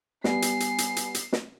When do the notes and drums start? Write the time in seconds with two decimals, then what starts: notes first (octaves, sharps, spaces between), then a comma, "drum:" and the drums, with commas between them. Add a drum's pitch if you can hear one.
0.24 G3 B3 G#5 C7, drum: snare
0.42 drum: hi-hat
0.60 drum: hi-hat
0.78 drum: hi-hat
0.96 drum: hi-hat
1.15 drum: hi-hat
1.33 drum: snare